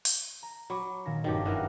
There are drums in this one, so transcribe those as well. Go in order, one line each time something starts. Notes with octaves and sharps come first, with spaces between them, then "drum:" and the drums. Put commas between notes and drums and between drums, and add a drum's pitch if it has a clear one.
drum: open hi-hat
A#5
F#3 B5 C#6 D6
A#2 D#3 A#6
F#1 G2 D#3 F#3 G4 A6
D#3 E3 A#4 F#5